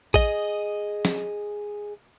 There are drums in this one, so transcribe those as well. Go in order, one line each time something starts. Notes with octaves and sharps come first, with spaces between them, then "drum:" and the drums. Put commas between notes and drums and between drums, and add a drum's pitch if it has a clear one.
G#4 D#5, drum: kick A1
drum: snare